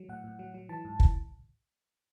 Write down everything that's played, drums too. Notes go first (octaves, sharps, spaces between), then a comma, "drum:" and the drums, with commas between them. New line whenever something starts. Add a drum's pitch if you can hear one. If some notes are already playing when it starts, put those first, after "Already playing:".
Already playing: F#3
A2 F#5
A2
F#3
F#3
E3 A5
G#2
E3, drum: kick